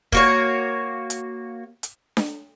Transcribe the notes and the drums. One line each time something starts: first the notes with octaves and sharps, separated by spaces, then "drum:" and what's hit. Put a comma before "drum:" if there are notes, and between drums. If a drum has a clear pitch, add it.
A#3 F#4 C#5, drum: kick
drum: hi-hat
drum: hi-hat
drum: snare D4